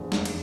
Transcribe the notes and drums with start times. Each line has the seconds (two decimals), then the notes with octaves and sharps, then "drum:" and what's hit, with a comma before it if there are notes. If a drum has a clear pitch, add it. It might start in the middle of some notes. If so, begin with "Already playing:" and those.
Already playing: E2 D3 F3
0.12 F1, drum: snare
0.25 drum: cymbal